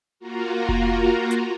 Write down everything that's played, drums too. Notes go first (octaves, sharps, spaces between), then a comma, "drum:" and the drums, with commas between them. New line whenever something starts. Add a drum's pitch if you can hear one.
A#3 F4 F#4 A#4
drum: kick F1
drum: hi-hat